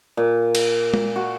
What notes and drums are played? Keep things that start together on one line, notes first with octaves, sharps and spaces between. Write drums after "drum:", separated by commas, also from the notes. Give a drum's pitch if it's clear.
A#2
drum: cymbal
drum: tom G#3
F#4